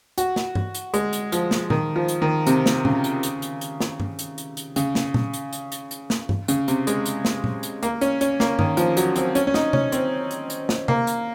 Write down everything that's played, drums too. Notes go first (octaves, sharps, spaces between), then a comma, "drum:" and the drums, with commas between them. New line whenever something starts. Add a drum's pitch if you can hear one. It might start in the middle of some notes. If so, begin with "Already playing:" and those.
F#4, drum: hi-hat
drum: snare
drum: tom G2
drum: hi-hat
G#3, drum: hi-hat
drum: hi-hat
F3, drum: hi-hat
drum: snare
D#3, drum: tom A#2
F3
drum: hi-hat
D#3
C3, drum: hi-hat
drum: snare
C#3, drum: tom A#2
drum: hi-hat
drum: hi-hat
drum: hi-hat
drum: hi-hat
drum: snare
drum: tom G2
drum: hi-hat
drum: hi-hat
drum: hi-hat
C#3, drum: hi-hat
drum: snare
drum: tom A#2
drum: hi-hat
drum: hi-hat
drum: hi-hat
drum: hi-hat
drum: snare
drum: tom G2
C#3, drum: hi-hat
C3, drum: hi-hat
G#3, drum: hi-hat
drum: hi-hat
drum: snare
drum: tom A#2
drum: hi-hat
A#3, drum: hi-hat
C#4, drum: hi-hat
C#4, drum: hi-hat
A#3, drum: snare
D#3, drum: tom G2
F3, drum: hi-hat
F#3, drum: hi-hat
C4, drum: hi-hat
C#4, drum: hi-hat
C#4
D#4, drum: snare
C#4, drum: tom C3
C4, drum: hi-hat
drum: hi-hat
drum: hi-hat
drum: snare
A#3, drum: tom C3
drum: hi-hat